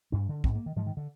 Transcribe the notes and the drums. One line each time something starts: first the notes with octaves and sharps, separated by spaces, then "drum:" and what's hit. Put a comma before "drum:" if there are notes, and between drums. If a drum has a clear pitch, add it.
G2 D4
D3
G#2 C4, drum: kick
A#3
D#3
G#2 F3
D#3
D3